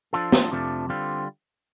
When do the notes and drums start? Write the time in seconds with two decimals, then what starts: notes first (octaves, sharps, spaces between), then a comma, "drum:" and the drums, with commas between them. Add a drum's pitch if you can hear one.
0.13 F3 D4 F4 A4
0.32 drum: snare
0.52 F2 C3 F3 A3 D4
0.89 D3 G3 C4 F4